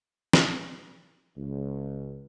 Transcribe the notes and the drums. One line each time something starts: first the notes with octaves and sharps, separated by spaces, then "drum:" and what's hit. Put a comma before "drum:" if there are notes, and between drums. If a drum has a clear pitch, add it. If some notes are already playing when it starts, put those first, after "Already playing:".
drum: snare
C#2